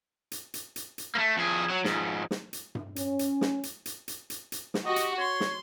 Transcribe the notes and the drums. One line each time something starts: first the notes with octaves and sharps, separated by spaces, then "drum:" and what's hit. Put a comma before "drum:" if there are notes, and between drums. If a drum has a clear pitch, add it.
drum: hi-hat
drum: hi-hat
drum: hi-hat
drum: hi-hat
A3 A#3
F2 G#4
F#3
F2 G#2, drum: snare
drum: snare
drum: hi-hat
drum: tom G2
C#4, drum: hi-hat
drum: hi-hat
drum: snare
drum: hi-hat
drum: hi-hat
drum: hi-hat
drum: hi-hat
drum: hi-hat
drum: snare
F#4 G4 D#5
drum: hi-hat
C#5 C6
drum: snare